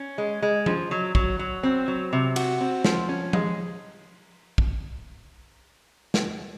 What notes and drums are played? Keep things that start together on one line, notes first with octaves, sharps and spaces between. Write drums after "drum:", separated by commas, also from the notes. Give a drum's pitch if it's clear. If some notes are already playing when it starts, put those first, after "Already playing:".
Already playing: C#4
G#3
G#3
F3, drum: tom F3
F#3
F#3, drum: kick
F#3
C4
F#3
C3
F#4, drum: cymbal
C4
F3, drum: snare
C#4
G#3, drum: tom F3
drum: kick
drum: snare